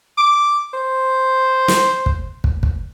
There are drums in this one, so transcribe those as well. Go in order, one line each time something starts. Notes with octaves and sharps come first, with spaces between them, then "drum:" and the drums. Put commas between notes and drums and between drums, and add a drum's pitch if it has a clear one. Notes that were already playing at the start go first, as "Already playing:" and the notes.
D6
C5
drum: snare
drum: kick
drum: kick
drum: kick